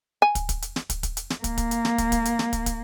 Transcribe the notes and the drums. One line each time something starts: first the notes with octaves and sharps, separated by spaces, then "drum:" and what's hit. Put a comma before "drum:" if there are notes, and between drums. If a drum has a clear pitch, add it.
G#5
drum: kick, hi-hat
drum: kick, hi-hat
drum: hi-hat
drum: snare
drum: kick, hi-hat
drum: kick, hi-hat
drum: hi-hat
drum: snare
A#3, drum: kick, hi-hat
drum: kick, hi-hat
drum: hi-hat
drum: snare
drum: kick, hi-hat
drum: kick, hi-hat
drum: hi-hat
drum: snare
drum: kick, hi-hat
drum: kick, hi-hat